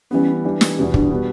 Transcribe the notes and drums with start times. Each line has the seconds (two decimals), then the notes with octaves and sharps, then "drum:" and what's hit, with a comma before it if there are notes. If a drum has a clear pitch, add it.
0.11 E3 G3 B3 C#4
0.44 E3 G3 D4
0.61 drum: snare
0.77 E2 B2 G3 C#4
0.94 D4, drum: kick
1.11 B2 G3 B3